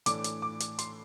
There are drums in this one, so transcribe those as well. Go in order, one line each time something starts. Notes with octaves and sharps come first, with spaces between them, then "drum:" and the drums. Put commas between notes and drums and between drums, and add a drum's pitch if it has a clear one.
A2 E3 A3 D4 D6, drum: hi-hat
drum: hi-hat
D6
drum: hi-hat
C6, drum: hi-hat